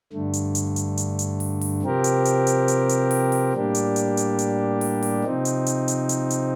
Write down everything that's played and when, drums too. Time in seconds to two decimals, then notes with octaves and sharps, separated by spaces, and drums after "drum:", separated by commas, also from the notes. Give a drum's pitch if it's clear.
0.13 G2 D3 A3
0.33 drum: hi-hat
0.55 drum: hi-hat
0.76 drum: hi-hat
0.97 drum: hi-hat
1.19 drum: hi-hat
1.40 drum: open hi-hat
1.61 drum: open hi-hat
1.82 C3 F3 C4 G4 A#4
2.04 drum: hi-hat
2.25 drum: hi-hat
2.47 drum: hi-hat
2.68 drum: hi-hat
2.89 drum: hi-hat
3.11 drum: open hi-hat
3.32 drum: open hi-hat
3.53 A2 G3 A#3 D4 G4
3.75 drum: hi-hat
3.96 drum: hi-hat
4.17 drum: hi-hat
4.39 drum: hi-hat
4.81 drum: open hi-hat
5.02 drum: open hi-hat
5.23 C3 F3 C4 D#4
5.45 drum: hi-hat
5.66 drum: hi-hat
5.88 drum: hi-hat
6.09 drum: hi-hat
6.30 drum: hi-hat